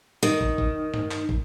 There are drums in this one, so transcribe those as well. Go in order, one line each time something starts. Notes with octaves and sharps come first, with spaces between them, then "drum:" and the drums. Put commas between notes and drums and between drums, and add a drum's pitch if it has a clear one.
D#3
drum: kick
drum: kick
drum: tom G2
drum: clap
drum: kick